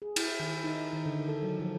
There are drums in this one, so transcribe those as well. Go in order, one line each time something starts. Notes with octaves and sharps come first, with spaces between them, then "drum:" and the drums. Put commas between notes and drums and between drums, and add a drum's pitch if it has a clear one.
G#4
E4, drum: cymbal
D#3
D#4
D#3
D3
A4
F#3
F3